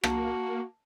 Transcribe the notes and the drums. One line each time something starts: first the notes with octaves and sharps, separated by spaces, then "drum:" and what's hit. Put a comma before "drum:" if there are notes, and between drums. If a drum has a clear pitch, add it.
A#3 F#4 A5, drum: rim click